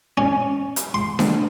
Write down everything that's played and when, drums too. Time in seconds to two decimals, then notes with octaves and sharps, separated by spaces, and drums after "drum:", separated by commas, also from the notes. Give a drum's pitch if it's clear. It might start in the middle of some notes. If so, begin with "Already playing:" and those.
0.18 C#4
0.76 drum: hi-hat
0.94 C6
1.19 drum: snare D4